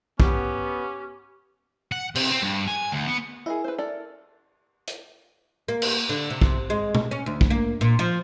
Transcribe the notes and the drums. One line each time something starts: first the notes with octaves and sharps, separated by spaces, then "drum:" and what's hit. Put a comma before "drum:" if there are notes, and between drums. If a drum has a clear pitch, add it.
B3 C#4 G4, drum: kick
F#5
C3, drum: cymbal
C4
G2
G#5
D2
B3
E4 G#4 A#4 D#5
B4 C5
A4 A#4 D5
drum: hi-hat
A#3
drum: cymbal
D3
C3
drum: kick
G#3
drum: tom B2
C#4
D2
drum: kick
A#3
A#2
F3